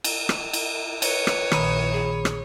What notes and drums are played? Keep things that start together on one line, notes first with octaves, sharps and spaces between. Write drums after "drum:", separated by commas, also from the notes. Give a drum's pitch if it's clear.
drum: cymbal
drum: rim click
drum: cymbal
B4 C#5, drum: cymbal
drum: rim click
A#1 D#3 B5 D#7, drum: rim click
G#4
drum: rim click